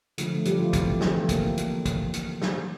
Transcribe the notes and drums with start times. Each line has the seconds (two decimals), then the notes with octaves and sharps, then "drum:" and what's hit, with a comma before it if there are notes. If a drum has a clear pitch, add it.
0.18 D3 F3 A3, drum: hi-hat
0.45 D3 F3 G3 A3 G4, drum: hi-hat
0.59 F3 F4
0.73 E3 A3 C4, drum: kick, hi-hat
1.01 E3 A3, drum: snare
1.29 A#3, drum: kick, hi-hat
1.57 drum: hi-hat
1.86 drum: kick, hi-hat
2.14 drum: hi-hat
2.42 drum: snare